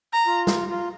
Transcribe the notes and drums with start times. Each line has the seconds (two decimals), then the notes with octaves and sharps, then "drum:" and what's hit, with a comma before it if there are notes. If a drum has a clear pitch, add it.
0.13 A#5
0.27 F4
0.47 drum: snare
0.70 F4